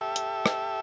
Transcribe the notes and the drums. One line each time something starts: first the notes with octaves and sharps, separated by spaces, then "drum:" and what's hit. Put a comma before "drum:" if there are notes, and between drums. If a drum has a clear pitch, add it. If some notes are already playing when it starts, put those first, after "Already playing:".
G4 A4 E5
drum: hi-hat
drum: rim click